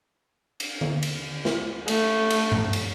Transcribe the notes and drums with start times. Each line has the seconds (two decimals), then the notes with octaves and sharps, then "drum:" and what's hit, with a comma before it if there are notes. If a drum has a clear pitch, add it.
0.60 drum: cymbal
0.81 drum: tom D3
1.03 drum: cymbal
1.45 drum: snare
1.88 A3, drum: cymbal
2.30 drum: cymbal
2.52 drum: tom G2
2.73 drum: cymbal